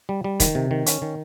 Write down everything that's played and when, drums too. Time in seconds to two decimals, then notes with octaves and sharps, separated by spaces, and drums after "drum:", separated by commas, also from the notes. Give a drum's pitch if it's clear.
0.09 G3
0.24 G3
0.40 D#3, drum: kick E1, hi-hat
0.55 C3
0.71 D#3
0.86 C#4, drum: hi-hat
1.02 D#3